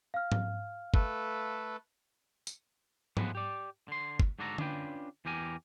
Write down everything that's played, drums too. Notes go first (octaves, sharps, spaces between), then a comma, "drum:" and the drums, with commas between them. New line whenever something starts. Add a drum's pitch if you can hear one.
F5 F6
drum: tom G#2
A3 A4 B4, drum: kick G1
drum: tambourine
E2 A2 F3 G#3 B4 F#5, drum: tom G#2
G4 D5
D3 C6
drum: kick G1
G#2 D3 D4 F#4 A4 A#5
C#4 D4 F4 B4 G5, drum: tom D3
E2 E3 G4 A#4 G#5